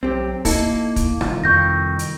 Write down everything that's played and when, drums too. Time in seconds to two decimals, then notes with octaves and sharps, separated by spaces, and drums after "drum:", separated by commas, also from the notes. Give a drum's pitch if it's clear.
0.03 B1 C4 G4
0.45 A#3 D#4 E4 A4, drum: kick, open hi-hat
0.96 drum: kick, hi-hat
1.21 G1 C2 D#3 F4, drum: rim click
1.44 F2 C#6 G6 A#6
1.99 drum: hi-hat